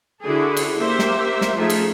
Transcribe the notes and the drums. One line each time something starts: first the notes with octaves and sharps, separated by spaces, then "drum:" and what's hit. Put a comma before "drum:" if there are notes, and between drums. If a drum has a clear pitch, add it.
D3 E4 F#4 G#4 A4
drum: cymbal
A#3 G4 C5 E5
drum: snare
drum: snare
F3 A3 D#4 G#4 E5
drum: cymbal